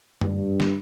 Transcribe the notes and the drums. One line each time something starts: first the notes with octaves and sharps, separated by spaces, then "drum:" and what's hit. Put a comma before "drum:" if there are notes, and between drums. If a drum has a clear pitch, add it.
G2, drum: tom F#2
drum: snare